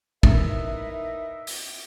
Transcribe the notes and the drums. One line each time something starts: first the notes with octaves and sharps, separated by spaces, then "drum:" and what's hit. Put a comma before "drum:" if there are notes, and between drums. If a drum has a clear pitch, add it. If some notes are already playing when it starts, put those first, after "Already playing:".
D#4 E4 A#4 B4 E5, drum: kick
drum: open hi-hat